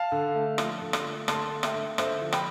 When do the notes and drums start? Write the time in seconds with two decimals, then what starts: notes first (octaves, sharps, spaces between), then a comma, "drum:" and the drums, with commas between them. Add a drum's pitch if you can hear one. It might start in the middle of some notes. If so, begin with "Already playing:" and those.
Already playing: F5 A5
0.12 D3
0.35 A3
0.58 F3, drum: rim click
0.82 D3
0.93 drum: rim click
1.05 A3
1.28 D3 A5 C6, drum: rim click
1.51 A3
1.63 E5 G5, drum: rim click
1.75 D3
1.98 D3 C5 E5, drum: rim click
2.22 F3
2.32 G5 B5, drum: rim click